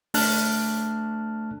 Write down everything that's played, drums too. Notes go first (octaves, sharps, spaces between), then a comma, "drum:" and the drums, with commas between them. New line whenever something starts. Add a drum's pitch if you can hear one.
A3 D4 A5 F6 F#6, drum: open hi-hat